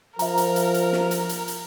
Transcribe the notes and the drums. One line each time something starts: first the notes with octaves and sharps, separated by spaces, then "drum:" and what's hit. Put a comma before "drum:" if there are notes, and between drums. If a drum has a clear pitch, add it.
F3 A#4 E5 A#5, drum: hi-hat
drum: hi-hat
drum: hi-hat
drum: hi-hat
drum: snare
drum: hi-hat
drum: hi-hat
drum: hi-hat